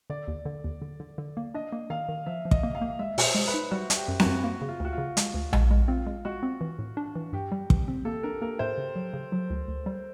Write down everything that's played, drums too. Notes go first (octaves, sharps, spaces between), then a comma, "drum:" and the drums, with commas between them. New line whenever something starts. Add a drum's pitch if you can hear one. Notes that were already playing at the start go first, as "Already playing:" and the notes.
D3 D5
D#2
D3
D#2
D3
D3
D3
A#3
D4 D#5
A#3
D#3 F5
D#3
F3 E5
F3
D#5, drum: kick
A#3
F5
A#3
G#3 E5
B2, drum: open hi-hat
C5
G#3
B4
D#4
G3 F#4
G3, drum: hi-hat
G4
F#2
F#4, drum: snare C4
F#2
A#3 F#4
C#3
F4
D2 F#4
F4
C#3
G#3, drum: hi-hat
D2
G#3, drum: tom A#1
G#3
C4 F4
G#3
G#3 F#4
C4
E3
A2
D4
E3
G2 G4
G3
E3, drum: kick
C4
A#3 A4
D4 A#4
A#3 A#4
A2 C5
C#3
F#3
C#3
F#3
D2
D2
G3